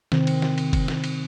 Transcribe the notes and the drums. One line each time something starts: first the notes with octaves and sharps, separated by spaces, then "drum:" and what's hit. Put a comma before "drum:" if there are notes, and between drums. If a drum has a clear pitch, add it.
C3 D#3 C4, drum: snare
drum: cymbal
drum: snare
drum: cymbal
drum: kick F#1, cymbal
drum: snare
drum: cymbal